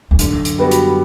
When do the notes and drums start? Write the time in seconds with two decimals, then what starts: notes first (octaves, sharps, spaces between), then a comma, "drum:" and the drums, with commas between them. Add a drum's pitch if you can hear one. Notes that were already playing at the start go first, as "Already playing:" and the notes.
0.11 E2
0.19 F#2 D3, drum: hi-hat
0.45 drum: hi-hat
0.58 G3 B3 F#4
0.71 drum: hi-hat